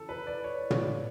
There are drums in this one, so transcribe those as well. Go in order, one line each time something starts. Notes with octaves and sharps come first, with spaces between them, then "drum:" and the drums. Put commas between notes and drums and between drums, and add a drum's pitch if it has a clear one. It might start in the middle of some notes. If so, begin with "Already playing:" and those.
Already playing: C#3 E3 A4
B4
D5
C#5
C#5, drum: tom